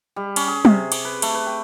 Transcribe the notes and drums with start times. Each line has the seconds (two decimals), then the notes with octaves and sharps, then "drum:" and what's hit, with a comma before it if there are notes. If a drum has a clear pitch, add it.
0.16 G3
0.36 C#4, drum: cymbal
0.48 G#4
0.65 C3, drum: tom
0.92 D6, drum: cymbal
1.05 B4
1.22 A3, drum: cymbal
1.34 B4
1.47 G5